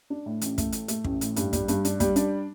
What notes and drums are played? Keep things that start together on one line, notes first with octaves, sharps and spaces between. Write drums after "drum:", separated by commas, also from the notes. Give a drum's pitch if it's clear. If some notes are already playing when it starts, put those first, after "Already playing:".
D4
A2
A1, drum: hi-hat
A3, drum: kick, hi-hat
A2, drum: hi-hat
A3, drum: hi-hat
A1, drum: kick
A2, drum: hi-hat
G2, drum: hi-hat
G3, drum: kick, hi-hat
G2, drum: hi-hat
D4, drum: hi-hat
G3, drum: kick, hi-hat
D4, drum: hi-hat